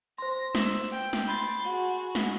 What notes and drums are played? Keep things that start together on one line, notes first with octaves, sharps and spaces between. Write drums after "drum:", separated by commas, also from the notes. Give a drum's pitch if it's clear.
C5 C6 A#6
E6, drum: snare
G5
drum: snare
B5 C6 A6
F#4 G#4
drum: snare